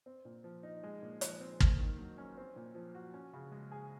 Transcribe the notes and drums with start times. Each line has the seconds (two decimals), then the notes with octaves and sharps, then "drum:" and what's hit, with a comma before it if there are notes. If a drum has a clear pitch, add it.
0.06 C4
0.25 A#2
0.44 F3
0.63 D#4
0.83 G#3
1.02 A#2
1.21 F3, drum: hi-hat
1.40 C4
1.60 A#3, drum: kick
1.79 D#3
1.99 F#3
2.18 C#4
2.37 C4
2.56 A#2
2.75 F3
2.95 F#4
3.14 C#4
3.33 C#3
3.52 G#3
3.72 G#4